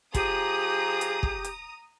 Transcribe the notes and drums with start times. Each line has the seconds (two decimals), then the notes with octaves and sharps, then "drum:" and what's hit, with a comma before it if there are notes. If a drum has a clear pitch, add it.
0.14 F3 G4 G#4 A#5 D#6, drum: kick, hi-hat
1.01 drum: hi-hat
1.23 drum: kick
1.44 drum: hi-hat